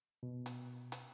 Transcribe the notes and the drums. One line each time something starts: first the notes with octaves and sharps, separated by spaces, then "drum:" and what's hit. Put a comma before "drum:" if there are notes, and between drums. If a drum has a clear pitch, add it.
B2
drum: hi-hat
drum: hi-hat